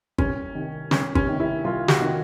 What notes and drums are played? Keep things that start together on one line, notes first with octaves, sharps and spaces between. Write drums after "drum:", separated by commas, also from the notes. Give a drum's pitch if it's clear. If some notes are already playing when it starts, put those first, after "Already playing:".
C2 C#4, drum: kick
C3 D#3
C2 C#4, drum: snare
C#4, drum: kick
C3 D#3
E4
C2 F4
F#4, drum: snare
C3 D#3